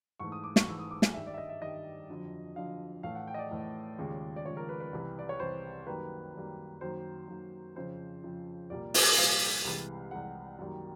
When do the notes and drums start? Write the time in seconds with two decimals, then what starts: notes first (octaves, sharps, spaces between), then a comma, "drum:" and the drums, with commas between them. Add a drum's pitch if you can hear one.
0.20 G#2 E3 A3 C#6
0.32 D#6
0.44 D6
0.56 C#6, drum: snare
0.67 G#2 E3 A3 E6
0.79 D#6
0.91 D6
1.02 G#5, drum: snare
1.14 G2 D#3 G3 E5
1.27 D5
1.34 E5
1.38 D#5
1.49 E5
1.62 G2 D#3 G3 D#5
2.09 F2 D3 F#3
2.56 F2 D3 F#3 F5
3.03 A2 E3 A3 F5
3.15 F#5
3.27 G5
3.34 D#5
3.39 D5
3.50 A2 E3 A3
3.98 D#2 C#3 F3 G#3
4.36 D5
4.44 D#2 C#3 F3 G#3 C#5
4.57 A#4
4.69 B4
4.80 B4
4.93 C2 C3 E3
5.19 D5
5.29 C#5
5.40 C2 C3 E3 C5
5.86 F#2 D#3 G3 A#3 B4
6.34 F#2 D#3 G3 A#3
6.81 F#2 D#3 F#3 A#3 C5
7.28 F#2 D#3 F#3 A#3
7.76 F2 C#3 F3 C5
8.23 F2 C#3 F3
8.70 C2 A#2 G3 A#3 D5
8.94 E5, drum: open hi-hat
9.17 C2 A#2 G3 A#3 F5
9.64 C2 C3 E3 G#3
10.11 C2 C3 E3 G#3 F#5
10.58 F#2 D#3 G3 A#3